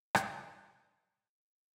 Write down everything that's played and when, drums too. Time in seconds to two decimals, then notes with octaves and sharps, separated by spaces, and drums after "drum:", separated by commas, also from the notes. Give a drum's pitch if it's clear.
0.15 drum: rim click
1.05 F4